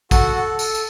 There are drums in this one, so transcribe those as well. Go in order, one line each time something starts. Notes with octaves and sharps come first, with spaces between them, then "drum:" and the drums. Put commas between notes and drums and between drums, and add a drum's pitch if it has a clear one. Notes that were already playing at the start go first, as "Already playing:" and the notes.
F#4 A4 F#5, drum: kick, tambourine
A4
A4, drum: tambourine
drum: tambourine